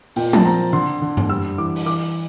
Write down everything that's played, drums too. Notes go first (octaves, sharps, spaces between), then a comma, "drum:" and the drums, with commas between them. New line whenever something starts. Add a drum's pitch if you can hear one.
A#2 G5, drum: open hi-hat
A5, drum: tom F3
C4 A#5
D3 C6
D3
drum: tom F#2
G3 E6
E3 D6
drum: open hi-hat
E3 D6